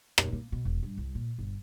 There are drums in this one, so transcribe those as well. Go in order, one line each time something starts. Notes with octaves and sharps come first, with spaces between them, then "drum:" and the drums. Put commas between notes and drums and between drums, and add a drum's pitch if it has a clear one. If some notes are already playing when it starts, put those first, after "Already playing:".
D#1, drum: rim click
A#3
B2
E1
G2
C2
A#2
G1